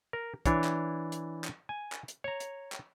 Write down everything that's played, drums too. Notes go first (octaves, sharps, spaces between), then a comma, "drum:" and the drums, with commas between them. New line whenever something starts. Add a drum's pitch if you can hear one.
A#4
E3 D4 C#5, drum: kick, hi-hat
drum: clap
drum: hi-hat
drum: clap
G#5
drum: clap
drum: hi-hat
C#5 A#5
drum: hi-hat
drum: clap